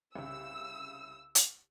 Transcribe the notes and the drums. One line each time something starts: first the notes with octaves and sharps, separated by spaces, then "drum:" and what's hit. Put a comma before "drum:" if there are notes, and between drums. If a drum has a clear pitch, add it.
C2 C#3 E6
drum: hi-hat